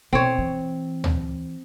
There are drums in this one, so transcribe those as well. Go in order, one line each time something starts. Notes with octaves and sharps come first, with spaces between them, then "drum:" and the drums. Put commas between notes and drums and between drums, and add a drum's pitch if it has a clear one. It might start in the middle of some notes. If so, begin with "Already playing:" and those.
B2 C4 C#5
E3
drum: tom